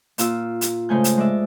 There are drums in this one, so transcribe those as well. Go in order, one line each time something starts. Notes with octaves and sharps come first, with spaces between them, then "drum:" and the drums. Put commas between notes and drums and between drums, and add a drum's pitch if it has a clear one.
A#2 F4 E6, drum: hi-hat
drum: hi-hat
G#2 C#3 A3 G#5 G6
drum: hi-hat
G#3 D5 E5